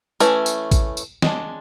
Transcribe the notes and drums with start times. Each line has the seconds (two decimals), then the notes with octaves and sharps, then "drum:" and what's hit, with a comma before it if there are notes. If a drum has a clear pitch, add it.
0.20 E3 A3 C#4, drum: tambourine
0.46 drum: tambourine
0.71 drum: kick A1, tambourine
0.97 drum: tambourine
1.22 G#3 D4, drum: snare